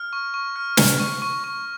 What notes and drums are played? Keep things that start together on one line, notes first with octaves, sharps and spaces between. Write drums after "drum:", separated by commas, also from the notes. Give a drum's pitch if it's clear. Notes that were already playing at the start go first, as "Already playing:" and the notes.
Already playing: F6
C#6
C#6
F6
C#6, drum: snare
C#6
C#6
C#6